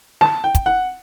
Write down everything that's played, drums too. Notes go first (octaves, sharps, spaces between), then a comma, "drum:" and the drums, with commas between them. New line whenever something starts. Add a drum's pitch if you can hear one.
A5, drum: snare
G5
drum: kick, hi-hat
F#5